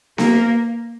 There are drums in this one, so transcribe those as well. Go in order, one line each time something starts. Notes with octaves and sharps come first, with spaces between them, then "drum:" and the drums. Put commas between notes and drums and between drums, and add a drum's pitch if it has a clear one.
A#3, drum: snare B3